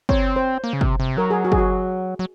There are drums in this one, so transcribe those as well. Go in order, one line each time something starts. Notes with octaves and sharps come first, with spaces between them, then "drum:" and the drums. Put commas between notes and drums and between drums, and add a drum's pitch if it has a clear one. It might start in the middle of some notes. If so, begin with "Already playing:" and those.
C4 C#5, drum: kick
C5
A#3
C#3
C3, drum: kick
C3
F#3 A#4
G#4
F#4
G#4, drum: kick
F#4
F#3